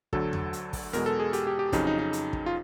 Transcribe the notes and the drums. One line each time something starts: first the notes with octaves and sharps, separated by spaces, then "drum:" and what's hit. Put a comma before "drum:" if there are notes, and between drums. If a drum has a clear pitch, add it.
D2 D3 F#3 A4, drum: kick
drum: tom E2
drum: hi-hat
drum: kick, open hi-hat
E2 B2 G#3 A#4, drum: hi-hat
A4
G#4
G4, drum: hi-hat
G4
G4
F2 C#3 F#3 D#4, drum: kick, hi-hat
D#4
D#4
drum: hi-hat
drum: kick
F4